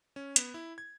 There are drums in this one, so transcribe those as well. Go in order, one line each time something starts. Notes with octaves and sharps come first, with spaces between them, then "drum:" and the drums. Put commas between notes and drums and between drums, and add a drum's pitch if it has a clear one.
C#4
B3, drum: hi-hat
E4
G#6